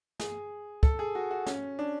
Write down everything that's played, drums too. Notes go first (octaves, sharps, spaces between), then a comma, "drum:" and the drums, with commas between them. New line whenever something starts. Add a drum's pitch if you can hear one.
G#4, drum: snare
A4, drum: kick
G#4
F#4
F#4
C#4, drum: snare
D4